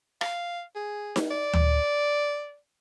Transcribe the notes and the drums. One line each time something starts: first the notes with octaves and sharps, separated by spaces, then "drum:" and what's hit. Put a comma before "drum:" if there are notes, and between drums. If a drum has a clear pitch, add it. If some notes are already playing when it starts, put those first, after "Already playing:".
F5, drum: rim click
G#4
drum: snare D#4
D5
drum: tom D2